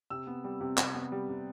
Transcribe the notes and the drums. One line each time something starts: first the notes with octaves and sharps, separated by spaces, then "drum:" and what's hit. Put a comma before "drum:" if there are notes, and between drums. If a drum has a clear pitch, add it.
C3 E6
B3
G3
C3
C3, drum: clap
B3
G3
C3